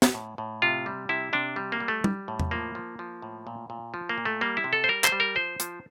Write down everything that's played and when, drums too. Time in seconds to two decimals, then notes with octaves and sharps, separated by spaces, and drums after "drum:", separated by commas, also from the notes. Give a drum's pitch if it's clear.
0.02 drum: snare
0.14 A2
0.38 A2
0.62 C3 F4
0.86 G3
1.09 C3 E4
1.33 C3 D4
1.56 G3
1.72 A#3
1.80 G3
1.88 A3
2.04 G3, drum: tom
2.28 A2
2.39 drum: tom E2
2.51 F3 A#3
2.75 F3
2.99 F3
3.22 A2
3.47 A#2
3.70 A#2
3.94 F3
4.09 A#3
4.18 A#2
4.25 A3
4.41 G3 A#3
4.57 E4
4.64 C3
4.73 A4
4.84 C5
4.89 G3 A#4
5.04 C5, drum: clap
5.12 G3
5.20 A#4
5.35 F3 C5
5.60 F3, drum: hi-hat